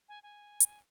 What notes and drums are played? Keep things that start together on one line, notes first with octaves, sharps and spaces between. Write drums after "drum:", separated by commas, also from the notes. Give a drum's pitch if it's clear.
G#5
G#5
drum: hi-hat